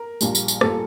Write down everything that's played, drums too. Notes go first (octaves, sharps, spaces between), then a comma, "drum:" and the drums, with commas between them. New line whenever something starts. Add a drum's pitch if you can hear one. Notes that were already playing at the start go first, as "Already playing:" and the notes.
Already playing: A#4
A#1 A#2 G3, drum: tambourine
drum: tambourine
drum: tambourine
A#2 G3 A4, drum: rim click